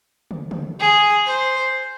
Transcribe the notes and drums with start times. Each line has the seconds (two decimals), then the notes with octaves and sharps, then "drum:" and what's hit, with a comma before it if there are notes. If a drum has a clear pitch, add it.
0.31 drum: tom
0.51 drum: tom
0.79 G#4
1.26 C5